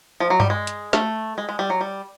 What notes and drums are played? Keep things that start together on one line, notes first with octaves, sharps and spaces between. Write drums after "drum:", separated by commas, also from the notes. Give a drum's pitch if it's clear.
F3
F#3
G3, drum: tom G2
G#3
drum: hi-hat
A3, drum: snare
G#3
G#3
G3
F#3
G3